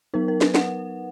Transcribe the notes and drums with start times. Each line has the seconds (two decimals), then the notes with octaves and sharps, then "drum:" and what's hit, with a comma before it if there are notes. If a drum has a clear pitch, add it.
0.14 F#3 B3 D#4 A#4
0.28 A#4
0.41 B4, drum: snare
0.55 F#5, drum: snare